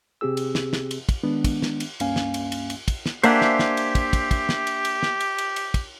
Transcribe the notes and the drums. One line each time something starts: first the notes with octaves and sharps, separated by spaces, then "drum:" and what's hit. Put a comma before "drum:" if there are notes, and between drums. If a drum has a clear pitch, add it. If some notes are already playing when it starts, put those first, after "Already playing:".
C3 C4 G4 G#4 E6
drum: cymbal
drum: snare
drum: snare
drum: cymbal
drum: kick, cymbal
D#3 G#3 B3 D4
drum: kick, cymbal
drum: snare
drum: cymbal
C#2 G2 A#3 C#4 F5 G#5, drum: cymbal
drum: snare
drum: cymbal
drum: cymbal
drum: cymbal
drum: kick, cymbal
drum: snare
A#3 D4 G4 C5 E5 F#5 G#5, drum: cymbal
drum: snare
drum: snare
drum: cymbal
drum: kick, cymbal
drum: kick, cymbal
drum: kick, cymbal
drum: snare
drum: cymbal
drum: cymbal
drum: snare
drum: cymbal
drum: cymbal
drum: cymbal
drum: kick, cymbal